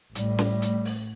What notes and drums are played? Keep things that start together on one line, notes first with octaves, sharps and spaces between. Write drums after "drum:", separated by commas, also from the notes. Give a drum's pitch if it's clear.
A1 A2 G3, drum: hi-hat
drum: snare C#4
drum: hi-hat
drum: open hi-hat